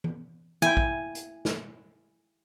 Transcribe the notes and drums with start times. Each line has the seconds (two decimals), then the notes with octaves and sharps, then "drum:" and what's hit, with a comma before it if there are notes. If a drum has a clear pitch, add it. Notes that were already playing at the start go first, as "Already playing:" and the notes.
0.04 drum: tom E3
0.62 E4 G5 G#5, drum: tom E3
0.77 drum: kick
1.15 drum: hi-hat
1.45 drum: snare